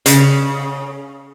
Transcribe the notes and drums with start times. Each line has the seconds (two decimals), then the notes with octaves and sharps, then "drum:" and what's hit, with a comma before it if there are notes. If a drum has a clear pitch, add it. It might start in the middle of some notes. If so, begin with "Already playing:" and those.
0.06 C#3, drum: hi-hat